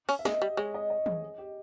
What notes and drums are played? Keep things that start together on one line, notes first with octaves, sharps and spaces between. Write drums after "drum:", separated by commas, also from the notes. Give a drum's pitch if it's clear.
C#4, drum: open hi-hat
E5
G#3 D#5, drum: snare
G3
G#3 C#5
D#5
D#5
G#4, drum: tom
G#4
G4